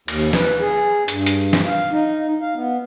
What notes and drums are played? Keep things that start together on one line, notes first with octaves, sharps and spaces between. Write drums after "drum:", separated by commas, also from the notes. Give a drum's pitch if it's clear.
D#2, drum: cymbal
B4, drum: snare
G#4
G2, drum: hi-hat
drum: hi-hat
drum: snare
F5
D#4
F5
B3